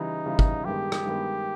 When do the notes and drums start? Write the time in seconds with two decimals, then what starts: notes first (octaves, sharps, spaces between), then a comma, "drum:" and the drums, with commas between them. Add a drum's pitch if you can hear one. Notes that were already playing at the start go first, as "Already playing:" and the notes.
Already playing: C#3 E3 G3 D#4
0.26 C#3 E3 G3
0.39 drum: kick
0.65 G2 D#3 G#3 B3 G4
0.92 drum: rim click
1.06 G2 D#3 G#3 B3